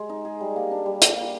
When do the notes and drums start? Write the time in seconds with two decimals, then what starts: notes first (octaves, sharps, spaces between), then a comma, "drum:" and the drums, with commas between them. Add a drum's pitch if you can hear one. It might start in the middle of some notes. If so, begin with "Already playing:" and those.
Already playing: G#3
0.09 D#4
0.25 G#4
0.41 G3
0.56 A#3
0.71 D4
0.86 G3
1.02 G3, drum: hi-hat
1.16 A#3